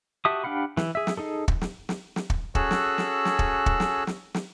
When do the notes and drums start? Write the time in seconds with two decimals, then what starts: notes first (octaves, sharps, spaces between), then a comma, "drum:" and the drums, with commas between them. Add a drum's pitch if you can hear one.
0.25 F#4 G4 E5 A5 D#6
0.44 D4 G4 F5 F#5 B5
0.77 E3, drum: snare
0.95 G#4 E5
1.07 drum: snare
1.17 D#4 G#4 A4
1.48 drum: kick
1.61 drum: snare
1.89 drum: snare
2.16 drum: snare
2.30 drum: kick
2.55 C#4 F#4 G#4 A4 E6 F#6, drum: kick
2.71 drum: snare
2.98 drum: snare
3.25 drum: snare
3.39 drum: kick
3.66 drum: kick
3.80 drum: snare
4.07 drum: snare
4.34 drum: snare